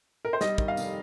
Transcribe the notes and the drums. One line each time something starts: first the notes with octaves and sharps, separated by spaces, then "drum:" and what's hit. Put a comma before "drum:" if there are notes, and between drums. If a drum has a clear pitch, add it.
A#4
C5
G3 D#5, drum: snare
D#3, drum: kick
F5
F1, drum: tambourine